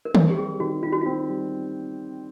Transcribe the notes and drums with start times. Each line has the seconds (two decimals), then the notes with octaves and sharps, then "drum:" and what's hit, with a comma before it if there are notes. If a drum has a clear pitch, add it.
0.05 A#4
0.15 C4 A4, drum: tom D#3
0.30 G4
0.37 G3 G#4
0.60 D#3 F#4
0.83 D#3 F4
0.93 F#4
1.01 C4 F4
1.28 G3